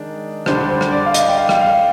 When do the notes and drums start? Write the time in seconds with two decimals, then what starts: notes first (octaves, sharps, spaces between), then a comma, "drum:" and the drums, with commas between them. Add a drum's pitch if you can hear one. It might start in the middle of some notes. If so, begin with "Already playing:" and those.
Already playing: D#3 G#3 D4
0.46 D3 G3 D4 C5, drum: rim click
0.69 C5
0.81 drum: rim click
0.92 D5
1.06 F5
1.14 D#5, drum: hi-hat
1.28 G5
1.38 F5
1.49 drum: rim click
1.61 F5